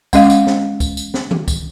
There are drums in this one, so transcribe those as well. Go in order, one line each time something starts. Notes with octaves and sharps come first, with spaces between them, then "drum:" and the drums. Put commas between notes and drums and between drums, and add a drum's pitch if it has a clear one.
G#3 C#4 D#5 F5, drum: kick C#2, tambourine
drum: tambourine
drum: snare
drum: kick C#2, tambourine
drum: tambourine
drum: snare
drum: tom D#3
drum: kick C#2, tambourine